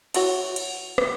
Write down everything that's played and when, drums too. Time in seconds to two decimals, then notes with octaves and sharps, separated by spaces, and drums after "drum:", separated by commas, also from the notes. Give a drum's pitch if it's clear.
0.14 E3 F#4 C#5, drum: cymbal
0.56 drum: cymbal
0.98 drum: rim click